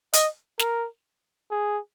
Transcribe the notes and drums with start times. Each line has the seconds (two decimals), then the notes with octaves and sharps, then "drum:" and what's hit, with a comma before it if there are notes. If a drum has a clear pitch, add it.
0.13 D#5, drum: hi-hat
0.59 A#4, drum: snare
1.51 G#4